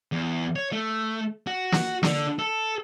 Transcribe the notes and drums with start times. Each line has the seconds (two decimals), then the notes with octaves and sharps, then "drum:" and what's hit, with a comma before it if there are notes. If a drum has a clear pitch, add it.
0.12 E2
0.56 C#5
0.72 A3
1.47 F#4
1.72 drum: snare
2.03 D3, drum: snare
2.39 A4